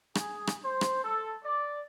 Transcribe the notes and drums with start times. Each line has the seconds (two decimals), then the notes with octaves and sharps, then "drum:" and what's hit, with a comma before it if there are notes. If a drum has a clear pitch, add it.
0.15 G#4, drum: rim click
0.47 drum: rim click
0.64 C5
0.81 drum: rim click
1.04 A4
1.45 D5